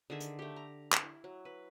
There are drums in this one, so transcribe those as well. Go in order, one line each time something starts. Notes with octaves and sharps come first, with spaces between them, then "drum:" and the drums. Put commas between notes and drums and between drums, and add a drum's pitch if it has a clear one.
D3 D#3 G#4 E5
drum: hi-hat
A3 G4
A#5
drum: clap
E4
F#3
B4